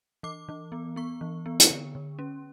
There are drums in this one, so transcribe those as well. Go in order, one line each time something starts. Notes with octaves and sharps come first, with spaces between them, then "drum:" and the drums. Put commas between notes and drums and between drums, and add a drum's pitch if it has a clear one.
E3 D6
E3
B3
B3 C#6
E3
B3
drum: hi-hat
D3
D3
C#4